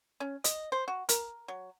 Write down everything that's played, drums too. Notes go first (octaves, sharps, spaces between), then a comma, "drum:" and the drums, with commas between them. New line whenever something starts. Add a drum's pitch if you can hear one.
C#4
D#5, drum: hi-hat
C5
F#4
A#4, drum: hi-hat
F#3